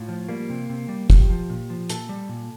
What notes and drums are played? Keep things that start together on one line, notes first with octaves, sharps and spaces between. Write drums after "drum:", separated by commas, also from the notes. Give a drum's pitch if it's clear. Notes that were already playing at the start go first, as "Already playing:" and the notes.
Already playing: A2 F4
F3
G3 A#3
C3
C3
G3
F3 G4, drum: kick, hi-hat
F3
A#2
F3
A#2 A4, drum: hi-hat
G3
A#2